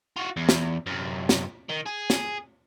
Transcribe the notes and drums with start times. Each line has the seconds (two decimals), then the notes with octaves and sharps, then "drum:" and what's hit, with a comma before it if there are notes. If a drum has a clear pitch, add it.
0.16 F4 F#4
0.37 E2
0.49 drum: snare
0.87 F#2 C3
1.29 drum: snare
1.69 D#3
1.86 G#4
2.10 drum: snare